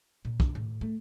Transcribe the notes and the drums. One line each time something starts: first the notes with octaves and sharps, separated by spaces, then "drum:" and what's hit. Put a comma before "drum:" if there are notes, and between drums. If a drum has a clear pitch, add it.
A#2
D4, drum: kick
A2
A3